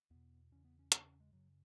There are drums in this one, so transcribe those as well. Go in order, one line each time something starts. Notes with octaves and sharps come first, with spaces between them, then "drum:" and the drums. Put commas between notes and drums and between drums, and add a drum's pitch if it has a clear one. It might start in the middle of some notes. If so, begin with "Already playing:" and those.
E2 B2 B3
E2 C#3 C#4
B3
C#4
E2 C#3 B3, drum: hi-hat
C#4
G#3
F#2 C#3 F#3